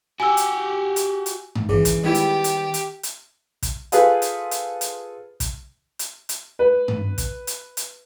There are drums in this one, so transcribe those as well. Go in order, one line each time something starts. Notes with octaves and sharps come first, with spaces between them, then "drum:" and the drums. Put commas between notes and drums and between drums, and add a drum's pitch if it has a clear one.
F#4 G4 G#5 E6
drum: hi-hat
drum: hi-hat
drum: hi-hat
drum: tom G2
G#1 G#2 C#3 E3 G#4
drum: kick, hi-hat
D#3 G3 G#3 B3 E4 G4
drum: hi-hat
drum: hi-hat
drum: hi-hat
drum: hi-hat
drum: kick, hi-hat
F4 G#4 A4 B4 C5 F5, drum: hi-hat
drum: hi-hat
drum: hi-hat
drum: hi-hat
drum: kick, hi-hat
drum: hi-hat
drum: hi-hat
B4
drum: tom G2
drum: kick, hi-hat
drum: hi-hat
drum: hi-hat